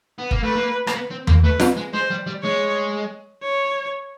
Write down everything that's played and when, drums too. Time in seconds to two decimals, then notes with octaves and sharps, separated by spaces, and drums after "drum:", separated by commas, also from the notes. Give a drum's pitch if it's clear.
0.19 B3
0.31 A#3, drum: kick
0.43 A3 B4
0.56 A#3
0.87 A#3, drum: rim click
0.93 B3
1.10 C4
1.27 A#3, drum: tom E2
1.44 A3 B4
1.60 G3, drum: snare F4
1.76 G#3
1.94 G#3 C5
2.10 G3
2.27 G3
2.43 G#3 C#5
3.43 C#5